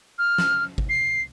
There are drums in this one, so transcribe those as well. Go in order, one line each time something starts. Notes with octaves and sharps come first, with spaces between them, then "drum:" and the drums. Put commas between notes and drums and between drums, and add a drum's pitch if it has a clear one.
F6
drum: snare
drum: kick G#1
C7